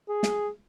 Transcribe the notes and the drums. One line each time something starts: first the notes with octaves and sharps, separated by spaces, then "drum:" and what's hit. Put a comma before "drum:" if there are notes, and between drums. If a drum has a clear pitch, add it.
G#4
drum: snare